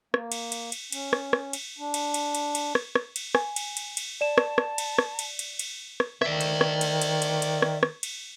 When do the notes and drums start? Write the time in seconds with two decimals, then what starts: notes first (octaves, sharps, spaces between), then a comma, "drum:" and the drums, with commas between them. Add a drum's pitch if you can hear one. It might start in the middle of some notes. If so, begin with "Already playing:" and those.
0.14 A#3, drum: rim click
0.32 drum: cymbal
0.52 drum: cymbal
0.72 drum: cymbal
0.92 C#4, drum: cymbal
1.13 drum: rim click
1.33 drum: rim click
1.53 drum: cymbal
1.78 D4
1.94 drum: cymbal
2.14 drum: cymbal
2.35 drum: cymbal
2.55 drum: cymbal
2.75 drum: rim click
2.95 drum: rim click
3.16 drum: cymbal
3.35 G#5, drum: rim click
3.56 drum: cymbal
3.77 drum: cymbal
3.97 drum: cymbal
4.21 D5 A5 E7
4.38 drum: rim click
4.58 drum: rim click
4.78 drum: cymbal
4.99 drum: rim click
5.19 drum: cymbal
5.39 drum: cymbal
5.59 drum: cymbal
6.00 drum: rim click
6.22 D#3 D5 E5, drum: rim click
6.41 drum: cymbal
6.61 drum: rim click
6.81 drum: cymbal
7.02 drum: cymbal
7.22 drum: cymbal
7.42 drum: cymbal
7.62 drum: rim click
7.83 drum: rim click
8.03 drum: cymbal